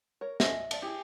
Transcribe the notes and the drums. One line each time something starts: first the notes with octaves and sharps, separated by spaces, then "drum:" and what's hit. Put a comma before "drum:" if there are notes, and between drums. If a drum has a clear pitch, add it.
A#4 C#5
C#4 A4 D#5 E5, drum: snare
F3 D5, drum: cymbal
E4 G4 G#4